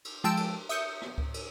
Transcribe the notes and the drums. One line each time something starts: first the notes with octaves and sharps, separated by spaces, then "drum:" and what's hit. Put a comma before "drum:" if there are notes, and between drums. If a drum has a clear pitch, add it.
drum: cymbal
F3 G#3 G5 A5 E6 D7
drum: cymbal
E5 D#6 G6 C#7, drum: cymbal
drum: rim click
drum: kick C#2
drum: cymbal